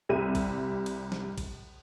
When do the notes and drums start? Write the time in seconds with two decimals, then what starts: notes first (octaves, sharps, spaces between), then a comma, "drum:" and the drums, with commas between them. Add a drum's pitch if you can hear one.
0.09 C2 G3 E5 D#7
0.35 drum: kick, cymbal
0.86 drum: cymbal
1.12 drum: snare
1.38 drum: kick, cymbal